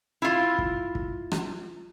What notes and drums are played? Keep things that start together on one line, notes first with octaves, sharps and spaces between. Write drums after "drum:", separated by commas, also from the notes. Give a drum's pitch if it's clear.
E4 F4
drum: kick
drum: kick
drum: rim click